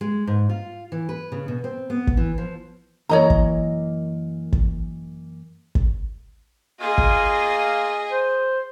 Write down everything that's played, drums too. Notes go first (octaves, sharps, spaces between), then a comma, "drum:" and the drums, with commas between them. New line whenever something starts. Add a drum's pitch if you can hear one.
G#3
G#2
F4
E3
B4
C#3
B2
C4
B3
drum: kick
E3
F3
F#2 E3 A#3 C#5 D#5 A#5
drum: kick
drum: kick
drum: kick
A#3 F4 G#4 D#5 G#5
drum: kick
C5